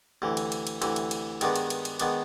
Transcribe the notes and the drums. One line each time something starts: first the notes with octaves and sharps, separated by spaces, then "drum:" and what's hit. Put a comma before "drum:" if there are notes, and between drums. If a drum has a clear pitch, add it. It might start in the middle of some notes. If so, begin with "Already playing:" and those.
D2 C3 E3
drum: cymbal
drum: cymbal
drum: cymbal
D2 C3 E3, drum: cymbal
drum: cymbal
drum: cymbal
G2 D#3 G#3 B3 D4, drum: cymbal
drum: cymbal
drum: cymbal
drum: cymbal
D#3 G#3 B3 D4, drum: cymbal